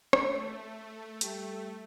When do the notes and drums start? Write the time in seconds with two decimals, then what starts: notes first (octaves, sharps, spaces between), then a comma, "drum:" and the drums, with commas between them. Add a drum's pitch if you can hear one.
0.13 A3, drum: rim click
1.21 G3 G4 A4, drum: hi-hat